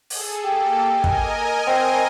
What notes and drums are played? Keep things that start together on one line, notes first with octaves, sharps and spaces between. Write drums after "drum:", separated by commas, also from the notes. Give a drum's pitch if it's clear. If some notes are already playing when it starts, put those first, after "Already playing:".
G#4 A4, drum: open hi-hat
A#3 G4 A4
A#4 D#5 G#5
drum: kick
C4